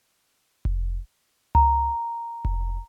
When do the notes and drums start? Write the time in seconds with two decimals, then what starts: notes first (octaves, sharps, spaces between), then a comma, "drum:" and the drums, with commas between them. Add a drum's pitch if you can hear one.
0.65 drum: kick F1
1.55 A#5, drum: tom C#2
2.45 drum: kick F1